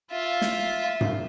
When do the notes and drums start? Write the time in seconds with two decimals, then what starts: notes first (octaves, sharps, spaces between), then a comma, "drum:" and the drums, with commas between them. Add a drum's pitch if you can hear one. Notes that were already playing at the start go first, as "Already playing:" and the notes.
0.11 F4 E5
0.41 drum: snare
1.01 drum: tom G2